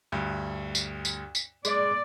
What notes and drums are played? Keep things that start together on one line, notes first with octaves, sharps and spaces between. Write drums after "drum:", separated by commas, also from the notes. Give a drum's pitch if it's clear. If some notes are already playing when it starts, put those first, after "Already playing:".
D2 G2
drum: tambourine
drum: tambourine
drum: tambourine
G#3 D5, drum: tambourine